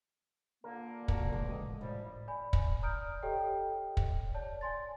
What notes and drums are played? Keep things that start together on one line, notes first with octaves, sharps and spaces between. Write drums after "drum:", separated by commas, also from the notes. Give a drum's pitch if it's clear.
A#2 D3 A#3 A#4
C3 G#3 F#4 A4 A#4, drum: kick
A1 C#3 G#3
D#5
F#2 A2 F3 G3 B3
D5 G#5 B5
drum: kick
D5 A#5 D#6 F6 G6 D7
G4 A4 C#5 D#5 G5
drum: kick
C#5 D5 A5
D5 G#5 C6 A6